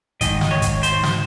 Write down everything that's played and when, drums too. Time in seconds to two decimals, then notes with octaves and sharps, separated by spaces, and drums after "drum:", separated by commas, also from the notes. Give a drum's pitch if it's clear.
0.21 G#2 D#3 D#5, drum: kick, hi-hat
0.41 drum: snare
0.51 C#5
0.62 drum: kick, hi-hat
0.83 C5, drum: hi-hat
1.03 drum: snare